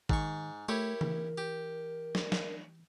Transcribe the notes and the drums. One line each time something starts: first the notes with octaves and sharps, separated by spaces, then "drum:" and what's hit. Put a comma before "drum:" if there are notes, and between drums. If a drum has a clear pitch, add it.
G#2 D#3 C#6, drum: kick
A3 E4 G4 A#4 C#5
E3, drum: tom
G4
drum: snare
drum: snare